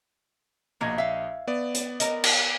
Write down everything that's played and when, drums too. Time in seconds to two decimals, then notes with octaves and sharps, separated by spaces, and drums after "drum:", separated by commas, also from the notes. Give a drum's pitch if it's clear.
0.81 A#1 B2 A#3 D#5 G#6
0.98 E5 F5
1.47 B3 D5
1.74 drum: hi-hat
2.00 A#4 D#5, drum: hi-hat
2.24 drum: cymbal